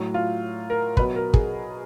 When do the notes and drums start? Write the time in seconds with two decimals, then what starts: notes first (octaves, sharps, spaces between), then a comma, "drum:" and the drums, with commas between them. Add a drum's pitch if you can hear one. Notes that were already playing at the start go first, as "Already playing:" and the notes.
Already playing: A2 F#3
0.14 F4
0.70 A#4
0.97 B2 F#3 B4, drum: kick
1.16 A#4
1.34 G#4, drum: kick